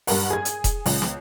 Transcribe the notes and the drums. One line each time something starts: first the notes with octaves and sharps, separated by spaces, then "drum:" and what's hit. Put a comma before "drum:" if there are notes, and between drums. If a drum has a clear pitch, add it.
G2 A#4 F#5, drum: open hi-hat
G#4 G#6
drum: hi-hat
drum: kick E1, hi-hat
C#2, drum: open hi-hat
drum: snare